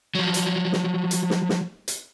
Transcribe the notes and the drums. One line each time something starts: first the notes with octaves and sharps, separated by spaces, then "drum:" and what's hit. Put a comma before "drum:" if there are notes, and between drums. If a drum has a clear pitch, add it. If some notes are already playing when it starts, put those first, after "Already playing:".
F3 F#3
drum: hi-hat
drum: snare
drum: hi-hat
drum: snare
drum: snare
drum: hi-hat